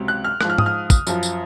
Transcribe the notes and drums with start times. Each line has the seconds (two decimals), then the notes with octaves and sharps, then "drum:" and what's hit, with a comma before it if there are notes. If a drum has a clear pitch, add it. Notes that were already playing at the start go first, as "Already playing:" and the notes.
Already playing: C#2 C3 F#3
0.08 F#6
0.24 F6
0.41 G#2 F3 F#6, drum: rim click
0.50 F6
0.58 D#6, drum: tom
0.66 F6
0.90 drum: kick, tambourine
1.07 F#2 F3, drum: tambourine
1.23 drum: tambourine